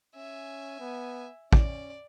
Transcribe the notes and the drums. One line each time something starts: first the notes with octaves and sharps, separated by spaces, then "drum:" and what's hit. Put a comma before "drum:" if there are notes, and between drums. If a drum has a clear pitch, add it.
C#4 E5 G#5
B3
C#4 D5, drum: kick